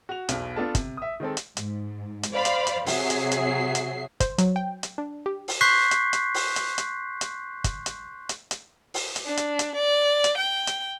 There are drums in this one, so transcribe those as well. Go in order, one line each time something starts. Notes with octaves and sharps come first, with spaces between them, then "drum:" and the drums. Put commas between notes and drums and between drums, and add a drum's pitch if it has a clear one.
F#4 F7
B1 E2 B2, drum: hi-hat
B3 D4 F4 A4 A5
C3, drum: kick, hi-hat
E5 D#6
D#3 G#3 C4 A4
drum: hi-hat
G#2, drum: hi-hat
drum: hi-hat
C5 D5 F5 B5
drum: hi-hat
drum: hi-hat
C3 F#3 G#4 E5 C7, drum: open hi-hat
drum: hi-hat
drum: hi-hat
drum: hi-hat
C5, drum: kick, hi-hat
F#3, drum: hi-hat
G5
drum: hi-hat
D4
G4
drum: open hi-hat
C6 C#6 F#6 G6 B6 C7
drum: hi-hat
drum: hi-hat
drum: open hi-hat
drum: hi-hat
drum: hi-hat
drum: hi-hat
drum: kick, hi-hat
drum: hi-hat
drum: hi-hat
drum: hi-hat
drum: open hi-hat
drum: hi-hat
D4
drum: hi-hat
drum: hi-hat
D5
drum: hi-hat
G5
drum: hi-hat